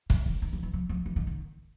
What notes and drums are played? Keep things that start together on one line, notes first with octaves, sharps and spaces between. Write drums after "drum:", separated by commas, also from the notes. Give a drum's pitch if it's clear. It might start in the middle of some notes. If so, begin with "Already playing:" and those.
D3, drum: kick
D#3
D#3
E3
E3
F3
F3
E3
D#3
D#3